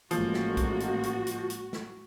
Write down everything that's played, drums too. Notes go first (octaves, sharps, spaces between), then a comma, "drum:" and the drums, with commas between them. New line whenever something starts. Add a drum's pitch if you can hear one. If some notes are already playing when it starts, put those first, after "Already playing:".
A1 F3 G#3 A#3 F#4, drum: hi-hat
drum: snare
drum: kick, hi-hat
drum: hi-hat
drum: hi-hat
drum: hi-hat
drum: hi-hat
drum: snare